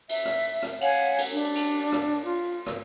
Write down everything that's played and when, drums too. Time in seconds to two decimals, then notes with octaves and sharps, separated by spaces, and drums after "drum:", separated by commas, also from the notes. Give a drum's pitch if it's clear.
0.09 E5, drum: cymbal
0.25 drum: rim click
0.63 drum: rim click
0.81 C#5 F5 F#5 G#5, drum: cymbal
1.18 drum: cymbal
1.32 D4
1.55 drum: cymbal
1.92 drum: rim click
2.25 F4
2.66 drum: rim click